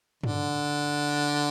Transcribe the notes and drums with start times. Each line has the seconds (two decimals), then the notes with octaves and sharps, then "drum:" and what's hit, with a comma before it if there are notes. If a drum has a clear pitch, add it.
0.24 D3, drum: tom G2